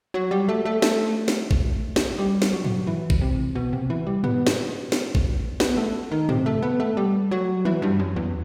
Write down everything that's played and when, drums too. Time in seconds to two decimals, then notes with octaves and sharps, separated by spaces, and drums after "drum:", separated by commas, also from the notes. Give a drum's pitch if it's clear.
0.14 F#3
0.31 G3
0.49 A3
0.65 A3
0.82 A3, drum: snare
1.28 drum: snare
1.51 drum: kick
1.96 drum: snare
2.19 G3
2.42 drum: snare
2.53 F#3
2.64 drum: tom
2.87 E3
3.10 drum: kick
3.21 C3
3.55 B2
3.73 C3
3.90 E3
4.07 G3
4.24 B3, drum: tom
4.47 drum: snare
4.92 drum: snare
5.15 drum: kick
5.60 B3, drum: snare
5.77 A3
6.11 D#3
6.29 C3, drum: tom
6.46 A3
6.63 B3
6.80 A3
6.97 G3
7.31 F#3
7.65 E3, drum: tom
7.82 G2
7.99 F#2
8.16 E2